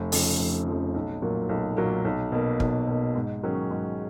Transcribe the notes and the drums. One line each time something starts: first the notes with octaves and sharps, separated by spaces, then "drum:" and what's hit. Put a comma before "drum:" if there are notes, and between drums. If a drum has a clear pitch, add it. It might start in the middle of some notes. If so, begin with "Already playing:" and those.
Already playing: F1
F2 C#3 F3, drum: open hi-hat
F1
F2 C#3 F3
B1
A#2 F#3 A#3
B1
A#2 F#3 A#3
B1
B2 A#3
B1, drum: kick
B2 A#3
G#2
D#3 F#3 C#4 G#4
G#2